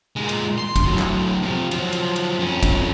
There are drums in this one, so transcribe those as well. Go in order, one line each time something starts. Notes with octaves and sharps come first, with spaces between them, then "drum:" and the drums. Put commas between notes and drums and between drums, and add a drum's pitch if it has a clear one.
A#2 G#3
drum: cymbal
C6
drum: kick, cymbal
A2 F#3
drum: clap
C3 F3
F3 F#3, drum: cymbal
drum: cymbal
drum: cymbal
F2 C#4
drum: kick, cymbal